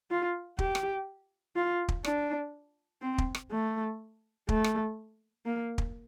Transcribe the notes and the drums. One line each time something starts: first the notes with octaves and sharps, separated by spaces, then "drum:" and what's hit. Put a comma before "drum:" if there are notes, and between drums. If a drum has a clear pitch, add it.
F4
G4, drum: kick
drum: rim click
F4
drum: kick
D4, drum: rim click
C4
drum: kick
drum: rim click
A3
A3, drum: kick
drum: rim click
A#3
drum: kick